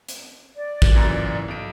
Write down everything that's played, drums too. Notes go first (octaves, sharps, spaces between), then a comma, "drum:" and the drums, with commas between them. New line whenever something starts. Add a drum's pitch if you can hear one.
drum: hi-hat
D5
drum: kick
F#2 A#2 E3
B1 D7